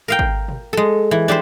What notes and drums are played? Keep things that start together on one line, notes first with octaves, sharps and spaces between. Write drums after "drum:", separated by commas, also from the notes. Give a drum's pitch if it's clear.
A#4 F5 G5
drum: kick
drum: tom A#2
G#3 A4
E3
D4 G4 A4 C5